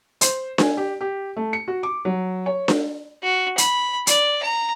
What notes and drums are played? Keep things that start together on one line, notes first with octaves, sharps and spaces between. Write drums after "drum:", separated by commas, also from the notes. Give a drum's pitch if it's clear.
C5, drum: hi-hat
G#5, drum: snare D4
G4
G4
A3
C#7
F#4
D6
F#3
C#5
drum: snare D4
F#4
B5, drum: hi-hat
D5, drum: hi-hat
A#5